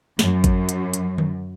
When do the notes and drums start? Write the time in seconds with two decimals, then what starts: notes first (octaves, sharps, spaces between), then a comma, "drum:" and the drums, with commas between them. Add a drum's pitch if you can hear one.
0.19 F#2, drum: snare
0.44 drum: kick G#1, hi-hat
0.69 drum: hi-hat
0.94 drum: hi-hat
1.18 drum: tom D3